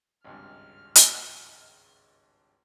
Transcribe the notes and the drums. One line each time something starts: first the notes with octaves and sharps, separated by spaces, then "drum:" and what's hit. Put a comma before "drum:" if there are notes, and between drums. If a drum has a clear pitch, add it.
G#1 C#2 G2 F6
drum: hi-hat